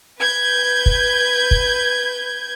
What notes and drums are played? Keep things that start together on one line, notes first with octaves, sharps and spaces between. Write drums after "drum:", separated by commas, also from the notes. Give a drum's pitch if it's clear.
B4 G6 G#6
drum: kick
drum: kick